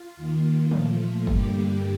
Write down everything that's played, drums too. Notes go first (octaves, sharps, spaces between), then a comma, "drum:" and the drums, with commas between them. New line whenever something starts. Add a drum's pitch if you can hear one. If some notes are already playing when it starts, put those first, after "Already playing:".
Already playing: F4
D#2 D#3 A#3
A#2 F3 A3, drum: tom E3
G2 D3 G3 A#3 G4, drum: kick